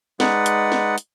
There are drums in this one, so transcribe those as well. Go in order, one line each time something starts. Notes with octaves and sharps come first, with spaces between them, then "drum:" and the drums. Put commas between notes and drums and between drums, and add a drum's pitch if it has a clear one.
G#3 D#4 B4 D5 F#5, drum: snare
drum: hi-hat
drum: snare
drum: hi-hat